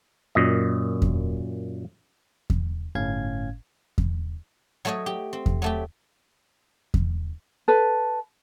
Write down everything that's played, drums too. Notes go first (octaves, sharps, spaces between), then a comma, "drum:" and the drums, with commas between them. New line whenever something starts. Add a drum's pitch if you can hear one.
F#2 A#2 D#5
drum: kick E2
drum: kick E2
G1 A2 C#4 F5 G#6
drum: kick E2
F#3 A3 F#4 C#5 D#5
G4
C4
drum: kick E2
F#3 A3 G4
drum: kick E2
A4 B4